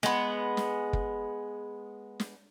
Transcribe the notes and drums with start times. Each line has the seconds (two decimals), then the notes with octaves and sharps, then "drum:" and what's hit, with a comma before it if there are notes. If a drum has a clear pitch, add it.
0.03 G#3 B3, drum: snare
0.57 drum: snare
0.93 drum: kick
2.20 drum: snare